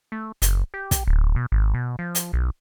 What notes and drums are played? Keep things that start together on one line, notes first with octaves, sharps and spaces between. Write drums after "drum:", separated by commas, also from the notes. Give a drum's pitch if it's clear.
A3
F#1, drum: hi-hat
G4
drum: kick, hi-hat
D1
B2
G#1
B2
F3
drum: hi-hat
B1